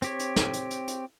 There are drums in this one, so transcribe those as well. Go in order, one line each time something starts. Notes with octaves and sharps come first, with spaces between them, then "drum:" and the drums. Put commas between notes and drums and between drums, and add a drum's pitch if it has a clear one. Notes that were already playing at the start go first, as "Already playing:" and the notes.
C4 G4 C#5, drum: hi-hat
drum: hi-hat
drum: snare
drum: hi-hat
drum: hi-hat
drum: hi-hat